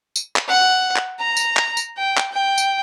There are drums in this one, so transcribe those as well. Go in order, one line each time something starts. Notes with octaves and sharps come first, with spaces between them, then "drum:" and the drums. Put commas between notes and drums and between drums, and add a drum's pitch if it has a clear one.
drum: tambourine
drum: clap
F#5
drum: clap
A#5
drum: tambourine
drum: clap
drum: tambourine
G5
drum: clap
G5
drum: tambourine